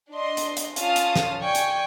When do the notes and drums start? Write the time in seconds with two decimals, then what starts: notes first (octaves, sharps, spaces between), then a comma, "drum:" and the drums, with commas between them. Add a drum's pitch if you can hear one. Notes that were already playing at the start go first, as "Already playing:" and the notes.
0.12 D4 D#5 C6
0.37 drum: hi-hat
0.57 drum: hi-hat
0.76 C#4 F4 F5 A5 D#6, drum: hi-hat
0.96 drum: hi-hat
1.16 drum: snare
1.42 D5 G5 G#5 C#6
1.55 drum: hi-hat